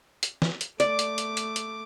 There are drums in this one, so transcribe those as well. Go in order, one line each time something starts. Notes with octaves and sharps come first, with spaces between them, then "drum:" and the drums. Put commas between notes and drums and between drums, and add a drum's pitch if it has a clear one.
drum: hi-hat
drum: snare
drum: hi-hat
A3 D5 D6, drum: hi-hat
drum: hi-hat
drum: hi-hat
drum: hi-hat
drum: hi-hat